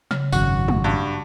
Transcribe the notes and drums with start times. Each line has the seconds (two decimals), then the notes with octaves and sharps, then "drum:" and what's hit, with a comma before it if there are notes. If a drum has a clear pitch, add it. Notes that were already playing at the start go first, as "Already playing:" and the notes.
0.11 C#3, drum: snare
0.32 G#1 F#2 F#4, drum: tambourine
0.68 drum: tom
0.84 G2